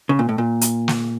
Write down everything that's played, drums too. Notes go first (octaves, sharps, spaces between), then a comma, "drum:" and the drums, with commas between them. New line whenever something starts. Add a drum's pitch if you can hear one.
C#3
A#2
A2
A#2
drum: hi-hat
drum: snare